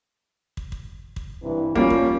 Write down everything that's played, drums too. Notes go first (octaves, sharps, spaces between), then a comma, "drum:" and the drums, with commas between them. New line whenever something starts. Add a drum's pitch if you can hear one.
drum: kick
drum: kick
drum: kick
G2 C3 E3
F3 G3 A#3 C#4 F#4, drum: kick
drum: kick